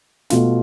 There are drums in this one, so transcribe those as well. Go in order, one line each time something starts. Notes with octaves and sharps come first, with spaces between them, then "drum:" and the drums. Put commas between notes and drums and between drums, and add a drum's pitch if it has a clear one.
B2 A3 F4, drum: snare